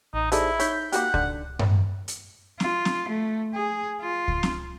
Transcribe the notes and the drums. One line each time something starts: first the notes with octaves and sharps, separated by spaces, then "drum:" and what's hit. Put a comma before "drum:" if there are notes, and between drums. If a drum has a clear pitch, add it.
A1 D#4
G3 D#4 E4 G#4 A4 C5, drum: hi-hat
D#4 C#5 G6 B6, drum: hi-hat
A#3 F#4 G4 F#5, drum: hi-hat
D3, drum: kick C#2
drum: tom G2
drum: hi-hat
F4, drum: snare C4
drum: snare C4
A3
G#4
F4
drum: kick C#2
drum: snare C4